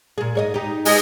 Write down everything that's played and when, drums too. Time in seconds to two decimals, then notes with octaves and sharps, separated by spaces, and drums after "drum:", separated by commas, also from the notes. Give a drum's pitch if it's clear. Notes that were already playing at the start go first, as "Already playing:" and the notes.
0.18 A#2 G#4
0.35 G#2 C#5 D#5
0.54 D#4 G4
0.85 G#3, drum: open hi-hat